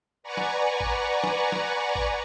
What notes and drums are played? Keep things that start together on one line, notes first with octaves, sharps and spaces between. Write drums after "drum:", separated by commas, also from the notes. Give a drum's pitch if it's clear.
B4 D5 F#5 G#5 A#5 C#6
drum: snare
drum: kick G#1
drum: snare
drum: snare
drum: kick G#1